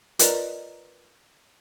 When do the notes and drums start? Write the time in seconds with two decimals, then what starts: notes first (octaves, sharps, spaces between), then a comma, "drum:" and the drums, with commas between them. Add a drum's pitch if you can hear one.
0.19 F4 A#4 B4 D5 D#5 A#5, drum: hi-hat